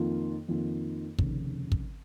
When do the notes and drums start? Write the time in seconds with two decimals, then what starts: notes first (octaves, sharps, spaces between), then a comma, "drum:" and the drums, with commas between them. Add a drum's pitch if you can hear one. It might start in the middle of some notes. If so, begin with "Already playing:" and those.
Already playing: F2 D#3 A#3 F4
0.48 F2 D#3 A#3 F4
1.19 F1 D#2 C#3, drum: kick
1.72 drum: kick